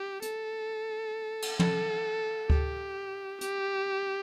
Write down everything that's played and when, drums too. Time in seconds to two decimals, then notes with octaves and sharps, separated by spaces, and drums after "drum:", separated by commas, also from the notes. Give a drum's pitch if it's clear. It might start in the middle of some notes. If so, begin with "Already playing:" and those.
Already playing: G4
0.22 A4, drum: hi-hat
1.42 drum: cymbal
1.59 A4, drum: tom
2.50 G4, drum: kick D2
3.41 G4, drum: hi-hat